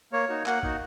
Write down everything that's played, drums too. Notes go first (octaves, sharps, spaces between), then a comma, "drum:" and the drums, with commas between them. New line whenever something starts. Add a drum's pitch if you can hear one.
A#3 C#5
D#4 F#4
A#3 F#5, drum: clap
D#4 F#4, drum: kick